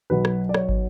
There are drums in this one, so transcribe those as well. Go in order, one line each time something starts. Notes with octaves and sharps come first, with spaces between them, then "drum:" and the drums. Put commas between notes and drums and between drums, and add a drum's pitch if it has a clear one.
B1 B2 F#3 B4
drum: rim click
D5
C#5, drum: rim click
drum: kick